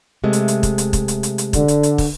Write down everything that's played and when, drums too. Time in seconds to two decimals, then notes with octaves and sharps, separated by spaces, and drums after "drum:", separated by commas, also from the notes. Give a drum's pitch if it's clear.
0.24 C3 G#3 A3
0.33 drum: hi-hat
0.48 drum: hi-hat
0.63 drum: kick, hi-hat
0.78 drum: hi-hat
0.93 drum: kick, hi-hat
1.08 drum: hi-hat
1.23 drum: hi-hat
1.38 drum: hi-hat
1.53 D3, drum: kick, hi-hat
1.68 drum: hi-hat
1.83 drum: hi-hat
1.98 drum: kick, open hi-hat